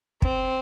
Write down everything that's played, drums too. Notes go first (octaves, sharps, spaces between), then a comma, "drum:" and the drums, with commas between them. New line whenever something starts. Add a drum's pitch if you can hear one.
C4, drum: kick